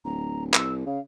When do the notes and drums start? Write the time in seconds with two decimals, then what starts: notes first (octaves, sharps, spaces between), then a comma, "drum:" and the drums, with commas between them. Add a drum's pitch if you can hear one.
0.05 D1 A#5
0.54 C2 E6, drum: clap
0.86 C#3 F5